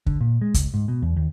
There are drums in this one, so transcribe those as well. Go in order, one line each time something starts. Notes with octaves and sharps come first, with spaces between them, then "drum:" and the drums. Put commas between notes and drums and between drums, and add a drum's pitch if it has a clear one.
D3, drum: kick
A#2
G#3
C#2, drum: kick, hi-hat
G#2
B2
E2
D#2